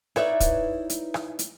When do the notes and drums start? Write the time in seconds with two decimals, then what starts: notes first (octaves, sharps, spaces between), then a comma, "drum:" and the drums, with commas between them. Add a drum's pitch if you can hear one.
0.16 D#4 E4 B4 C#5 D5 E5, drum: rim click
0.40 drum: kick, hi-hat
0.90 drum: hi-hat
1.14 drum: rim click
1.39 drum: hi-hat